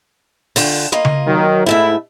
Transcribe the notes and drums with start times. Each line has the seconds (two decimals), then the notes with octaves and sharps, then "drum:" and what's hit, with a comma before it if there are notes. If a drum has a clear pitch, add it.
0.56 D3 F4 G5, drum: open hi-hat
0.92 A#3 F4 D#5
1.05 drum: tom C#3
1.27 D#3 F#3
1.66 G#2 A3 E4 E5